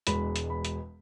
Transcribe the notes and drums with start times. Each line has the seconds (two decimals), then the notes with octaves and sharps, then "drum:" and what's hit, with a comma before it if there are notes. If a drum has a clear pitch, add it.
0.07 E1 E2 B2 G#3 B5, drum: hi-hat
0.36 drum: hi-hat
0.50 B5
0.65 drum: hi-hat